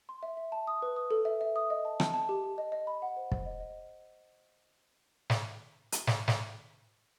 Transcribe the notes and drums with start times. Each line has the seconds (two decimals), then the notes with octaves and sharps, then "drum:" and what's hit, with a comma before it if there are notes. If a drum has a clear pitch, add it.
0.09 C6
0.23 E5
0.37 E5
0.52 A5
0.67 D#6
0.82 B4
0.96 D#6
1.11 A4
1.25 E5
1.41 E5
1.56 D#6
1.70 D#5
1.85 A5
2.00 A5, drum: rim click
2.14 A5
2.29 G4
2.44 G4
2.58 D#5
2.72 D#5
2.87 B5
3.02 F#5
3.17 C5
3.32 C5, drum: kick
3.46 D#5
3.60 D#5
5.30 drum: snare
5.92 drum: hi-hat
6.07 drum: snare
6.28 drum: snare